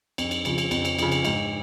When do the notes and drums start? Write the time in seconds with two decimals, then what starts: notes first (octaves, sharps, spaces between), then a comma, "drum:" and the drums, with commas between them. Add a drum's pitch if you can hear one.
0.18 F2, drum: cymbal
0.31 drum: cymbal
0.45 C#3 F3, drum: cymbal
0.58 drum: cymbal
0.71 F2, drum: cymbal
0.85 drum: cymbal
0.98 C#3 F3, drum: cymbal
1.12 drum: cymbal
1.24 G#2, drum: cymbal